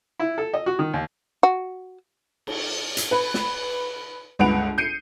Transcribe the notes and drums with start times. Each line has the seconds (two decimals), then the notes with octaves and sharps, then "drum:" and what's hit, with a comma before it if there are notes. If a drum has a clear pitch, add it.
0.19 E4
0.38 A4
0.53 D#5
0.66 F#4
0.79 D#3
0.94 D#2
1.43 F#4
2.47 drum: cymbal
2.97 drum: hi-hat
3.11 B4
3.34 drum: snare
4.39 G1 C#2 B4 F#5 D7 F7
4.78 G6 C7 C#7 D#7